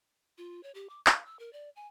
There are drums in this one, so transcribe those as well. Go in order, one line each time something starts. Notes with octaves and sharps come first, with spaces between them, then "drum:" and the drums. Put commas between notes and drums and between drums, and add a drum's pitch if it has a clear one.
F4
C#5
G4
D6
F5, drum: clap
E6
A#4
D5
G#5